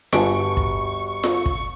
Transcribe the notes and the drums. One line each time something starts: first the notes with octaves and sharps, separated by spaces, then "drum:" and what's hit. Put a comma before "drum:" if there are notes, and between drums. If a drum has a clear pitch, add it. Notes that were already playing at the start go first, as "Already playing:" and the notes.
G1 F#4 G4 B4 G#5 A5 C#6 D7, drum: snare F4
drum: kick
drum: snare F4
drum: kick